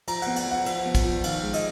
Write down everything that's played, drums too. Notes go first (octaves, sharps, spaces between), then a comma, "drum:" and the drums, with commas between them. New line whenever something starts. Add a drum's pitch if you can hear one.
F3 A#5, drum: cymbal
B3 F#5, drum: cymbal
F#5, drum: cymbal
F3 F#5
F3, drum: cymbal
B3
drum: kick, cymbal
F3
D#3 F5, drum: cymbal
G#3
D#5, drum: cymbal